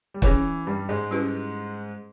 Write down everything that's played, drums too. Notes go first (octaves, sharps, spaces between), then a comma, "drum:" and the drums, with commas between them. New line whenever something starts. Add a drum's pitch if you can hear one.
G3
E3 C#4 G#4 C#5, drum: kick
G2 G3
G#2 G#3
G3 C#4 E4 G4 B4